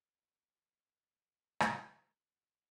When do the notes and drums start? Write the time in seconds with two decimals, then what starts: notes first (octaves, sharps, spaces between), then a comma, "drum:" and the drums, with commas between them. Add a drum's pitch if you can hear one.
0.21 F1 B2
1.60 drum: rim click